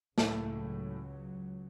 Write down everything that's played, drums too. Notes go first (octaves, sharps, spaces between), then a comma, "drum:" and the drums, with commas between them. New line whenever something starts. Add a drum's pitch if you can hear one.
C#2 A2 C#3 F#3 A3, drum: snare A#3